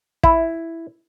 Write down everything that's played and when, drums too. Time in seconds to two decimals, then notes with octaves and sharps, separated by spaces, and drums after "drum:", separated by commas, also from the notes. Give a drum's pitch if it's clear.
0.23 E4, drum: kick